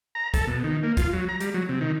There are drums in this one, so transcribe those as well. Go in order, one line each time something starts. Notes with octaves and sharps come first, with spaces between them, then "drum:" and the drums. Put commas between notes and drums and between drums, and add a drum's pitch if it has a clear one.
A#5
A4, drum: kick, hi-hat
B2
D#3
A#3
F4, drum: kick, hi-hat
F#3
A#5
G3, drum: hi-hat
F#3
C3
D#3